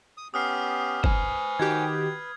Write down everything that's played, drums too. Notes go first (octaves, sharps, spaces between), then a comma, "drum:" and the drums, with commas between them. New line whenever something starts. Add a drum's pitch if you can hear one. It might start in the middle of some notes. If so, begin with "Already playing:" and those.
D#6
B3 C#4 G4 D#6 F6 C7
B4 C5 G#5, drum: kick
D#3 F#4 G4 G#6